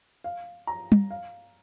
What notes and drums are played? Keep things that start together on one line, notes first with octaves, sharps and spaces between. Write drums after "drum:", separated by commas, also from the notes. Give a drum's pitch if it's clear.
F5
A#5
drum: tom
F5